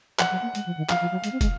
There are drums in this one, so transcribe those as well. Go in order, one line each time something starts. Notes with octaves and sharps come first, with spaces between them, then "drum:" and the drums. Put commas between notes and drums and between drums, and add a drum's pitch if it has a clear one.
F3 F#5, drum: clap
F#3
A#3
G#3, drum: hi-hat
F3
D#3
F3 F5, drum: clap
F3
F#3
G#3, drum: hi-hat
C4
G#3, drum: kick, hi-hat